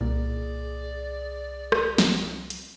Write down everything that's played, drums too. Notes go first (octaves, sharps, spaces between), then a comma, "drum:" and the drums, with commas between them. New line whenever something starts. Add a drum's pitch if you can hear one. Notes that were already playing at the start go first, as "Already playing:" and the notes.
C2 A#2 G#4 D5
drum: rim click
drum: snare
drum: hi-hat